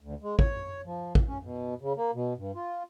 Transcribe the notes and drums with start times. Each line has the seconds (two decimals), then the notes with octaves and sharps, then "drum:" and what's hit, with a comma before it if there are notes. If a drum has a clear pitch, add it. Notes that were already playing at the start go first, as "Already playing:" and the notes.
0.01 D2
0.22 G#3
0.39 C#5, drum: kick
0.86 F3
1.15 drum: kick
1.28 C#4
1.43 B2
1.82 C#3
1.97 A#3
2.14 B2
2.37 G2
2.55 F4